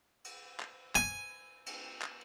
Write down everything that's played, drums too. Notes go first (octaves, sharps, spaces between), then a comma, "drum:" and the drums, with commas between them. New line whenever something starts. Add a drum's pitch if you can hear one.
drum: cymbal
drum: clap
G#5, drum: clap
drum: cymbal
drum: clap